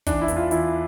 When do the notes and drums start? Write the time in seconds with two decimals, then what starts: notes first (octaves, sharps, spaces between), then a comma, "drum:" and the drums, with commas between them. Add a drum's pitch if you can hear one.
0.07 E3 D4, drum: kick, hi-hat
0.22 E4
0.28 E2, drum: hi-hat
0.36 F4
0.51 E3 E4, drum: hi-hat